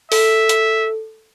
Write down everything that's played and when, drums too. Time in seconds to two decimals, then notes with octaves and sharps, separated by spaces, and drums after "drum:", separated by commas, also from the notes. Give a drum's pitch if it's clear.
0.12 A4 E5, drum: open hi-hat
0.49 drum: hi-hat